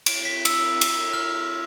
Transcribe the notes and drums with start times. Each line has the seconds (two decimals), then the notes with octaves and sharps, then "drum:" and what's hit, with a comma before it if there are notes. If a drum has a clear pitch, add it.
0.06 D7, drum: cymbal
0.25 B6
0.45 E6, drum: cymbal
0.81 drum: cymbal
1.13 F6